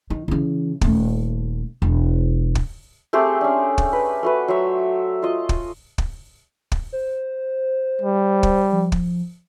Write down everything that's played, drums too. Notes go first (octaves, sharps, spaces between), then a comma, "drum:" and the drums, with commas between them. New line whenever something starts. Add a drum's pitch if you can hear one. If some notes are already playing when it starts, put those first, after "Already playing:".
D#3
C#3 E3
D#1 A3, drum: kick
E1
drum: kick
A3 C4 G4 G#4
C#4 D4
drum: kick
B4
A3 F#4 B4
F#3 C5 E5
F4 D#5
drum: kick
drum: kick
drum: kick
C5
G3
drum: kick
F3
drum: kick